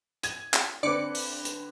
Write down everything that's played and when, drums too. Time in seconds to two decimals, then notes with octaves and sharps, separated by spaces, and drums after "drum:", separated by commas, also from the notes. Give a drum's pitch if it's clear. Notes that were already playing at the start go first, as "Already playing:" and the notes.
0.23 G#6 D#7, drum: hi-hat
0.54 drum: clap
0.83 D3 C4 B4 D5 D6 C#7
1.15 drum: open hi-hat
1.45 drum: hi-hat